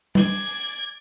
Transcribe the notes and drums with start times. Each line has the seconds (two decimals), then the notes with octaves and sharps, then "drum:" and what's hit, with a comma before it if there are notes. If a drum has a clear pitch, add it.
0.15 D5 G#6, drum: tom